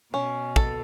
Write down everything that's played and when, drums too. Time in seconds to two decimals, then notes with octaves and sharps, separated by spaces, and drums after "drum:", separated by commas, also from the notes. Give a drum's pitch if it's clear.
0.14 B2 C#4
0.56 A4, drum: kick